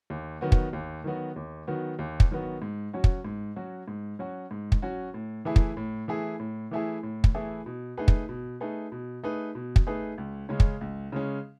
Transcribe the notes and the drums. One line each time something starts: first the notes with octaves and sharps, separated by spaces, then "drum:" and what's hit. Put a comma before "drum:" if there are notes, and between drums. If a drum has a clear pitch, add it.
D#2
D#3 F#3 B3 F#4
drum: kick
D#2
D#3 F#3 B3 F#4
D#2
D#3 F#3 B3 F#4
D#2
drum: kick
D#3 F#3 B3 F#4
G#2
F#3 C#4 F#4
drum: kick
G#2
F#3 C#4 F#4
G#2
F#3 C#4 F#4
G#2
drum: kick
F#3 C#4 F#4
A2
E3 A3 E4 G#4
drum: kick
A2
E3 A3 E4 G#4
A2
E3 A3 E4 G#4
A2
drum: kick
E3 A3 E4 G#4
B2
A3 D#4 G#4 B4
drum: kick
B2
A3 D#4 G#4 B4
B2
A3 D#4 G#4 B4
B2
drum: kick
A3 D#4 G#4 B4
C#2
C#3 G#3 C#4
drum: kick
C#2
C#3 G#3 C#4